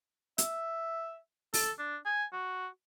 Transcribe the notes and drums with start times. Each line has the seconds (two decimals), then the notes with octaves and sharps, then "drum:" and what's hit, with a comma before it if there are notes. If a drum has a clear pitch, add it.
0.38 E5, drum: hi-hat
1.54 A4, drum: open hi-hat
1.79 D4
2.05 G#5
2.33 F#4